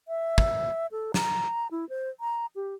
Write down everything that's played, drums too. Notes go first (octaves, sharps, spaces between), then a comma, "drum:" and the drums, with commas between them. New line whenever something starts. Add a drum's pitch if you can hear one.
E5
drum: kick
A4
A#5, drum: snare
E4
C5
A#5
G4